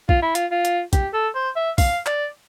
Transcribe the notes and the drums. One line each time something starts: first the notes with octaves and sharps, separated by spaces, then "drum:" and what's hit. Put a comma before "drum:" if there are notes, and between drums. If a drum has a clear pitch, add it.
F4, drum: kick
E4
F4, drum: hi-hat
F4
drum: hi-hat
G4, drum: kick, hi-hat
A4
C5
E5
F5, drum: kick, open hi-hat
D5, drum: clap